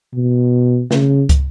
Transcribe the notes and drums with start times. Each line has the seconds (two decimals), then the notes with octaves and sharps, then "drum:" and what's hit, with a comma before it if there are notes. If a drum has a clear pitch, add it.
0.14 B2
0.91 C#3, drum: snare
1.29 drum: kick, hi-hat